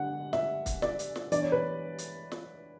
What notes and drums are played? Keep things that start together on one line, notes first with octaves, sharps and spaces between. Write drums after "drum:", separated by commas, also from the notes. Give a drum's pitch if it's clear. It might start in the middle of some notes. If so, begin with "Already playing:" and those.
Already playing: D3 F#5
E5, drum: snare
drum: kick, hi-hat
D5, drum: snare
drum: hi-hat
drum: snare
E3 B3 D4 D5, drum: hi-hat
C#5
B4
drum: hi-hat
drum: snare